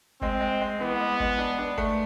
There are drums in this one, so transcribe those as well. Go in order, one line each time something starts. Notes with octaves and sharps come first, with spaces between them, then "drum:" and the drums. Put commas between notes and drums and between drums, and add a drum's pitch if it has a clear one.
G#3 C4, drum: kick G1
G#3
G#3
E3 B3
G#3
G#3, drum: kick G1
D4
D4
A3, drum: kick G1